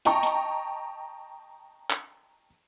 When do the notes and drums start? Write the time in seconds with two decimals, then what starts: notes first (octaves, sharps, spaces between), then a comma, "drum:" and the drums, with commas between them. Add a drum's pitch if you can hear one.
0.05 D#5 G5 A5 A#5 C#6, drum: hi-hat
0.23 drum: hi-hat
1.90 drum: clap